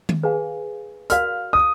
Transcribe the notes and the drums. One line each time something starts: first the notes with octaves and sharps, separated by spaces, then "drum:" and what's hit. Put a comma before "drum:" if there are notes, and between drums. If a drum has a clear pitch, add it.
drum: tom D#3
G#4 B4 F5 G#5
F#4 A#4 D5 F5 F6, drum: hi-hat
D#6